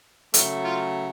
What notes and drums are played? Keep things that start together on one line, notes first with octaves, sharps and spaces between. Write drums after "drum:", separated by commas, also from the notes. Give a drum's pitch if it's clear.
C#3 F#3 A3, drum: hi-hat
F4